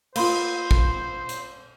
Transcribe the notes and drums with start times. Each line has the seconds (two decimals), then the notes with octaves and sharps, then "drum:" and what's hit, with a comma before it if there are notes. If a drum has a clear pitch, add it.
0.16 A#3 F4 C5 F5 B5 C6, drum: cymbal
0.71 drum: kick
1.29 drum: hi-hat